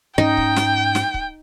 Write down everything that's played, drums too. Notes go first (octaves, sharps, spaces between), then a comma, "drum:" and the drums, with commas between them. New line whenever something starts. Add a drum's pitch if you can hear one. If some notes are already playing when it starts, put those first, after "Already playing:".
G#2 C#4 D#4 G5
drum: kick C#1
drum: snare
drum: snare
drum: kick C#1